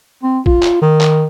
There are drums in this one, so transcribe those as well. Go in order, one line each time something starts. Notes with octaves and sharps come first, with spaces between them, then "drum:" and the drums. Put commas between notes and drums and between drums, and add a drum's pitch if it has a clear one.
C4
F4, drum: kick
drum: clap
D#3
drum: clap